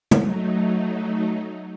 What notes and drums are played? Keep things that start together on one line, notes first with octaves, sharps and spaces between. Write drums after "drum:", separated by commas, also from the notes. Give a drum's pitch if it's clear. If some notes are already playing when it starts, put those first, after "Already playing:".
F#3 A3 D#4, drum: tom